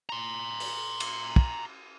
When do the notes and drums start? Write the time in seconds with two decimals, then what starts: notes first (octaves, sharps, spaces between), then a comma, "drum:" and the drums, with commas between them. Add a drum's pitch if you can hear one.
0.09 A#5 C6
0.60 drum: open hi-hat
1.00 drum: cymbal
1.36 drum: kick